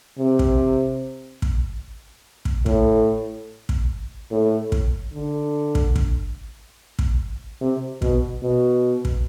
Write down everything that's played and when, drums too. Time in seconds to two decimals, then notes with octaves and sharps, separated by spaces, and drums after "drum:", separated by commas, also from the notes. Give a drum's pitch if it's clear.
0.19 C3
0.39 drum: kick
1.42 drum: kick
2.45 drum: kick
2.66 A2, drum: kick
3.69 drum: kick
4.31 A2
4.72 drum: kick
5.14 D3
5.75 drum: kick
5.96 drum: kick
6.99 drum: kick
7.61 C3
8.02 B2, drum: kick
8.43 B2
9.05 drum: kick